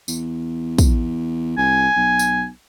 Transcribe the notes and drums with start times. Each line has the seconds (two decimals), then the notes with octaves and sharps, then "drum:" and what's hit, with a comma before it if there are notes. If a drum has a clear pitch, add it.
0.08 E2, drum: tambourine
0.78 drum: kick, tambourine
1.58 C2 G#5
1.96 B1
2.19 drum: tambourine